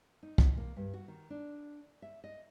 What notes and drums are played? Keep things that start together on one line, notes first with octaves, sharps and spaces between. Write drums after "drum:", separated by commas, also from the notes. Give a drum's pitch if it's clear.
D#4
drum: kick
A#3
G2
F#4
D#3
D4
E5
D#5